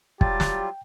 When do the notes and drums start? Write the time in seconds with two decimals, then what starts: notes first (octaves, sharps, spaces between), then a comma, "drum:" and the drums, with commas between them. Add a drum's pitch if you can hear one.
0.21 F#3 G3 F4 G4 G5 A5, drum: kick
0.40 drum: snare